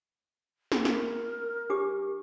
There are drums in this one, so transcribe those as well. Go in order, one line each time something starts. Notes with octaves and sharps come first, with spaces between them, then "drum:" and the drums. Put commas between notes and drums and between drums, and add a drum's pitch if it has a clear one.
drum: snare
A#4, drum: snare
D4 G4 D6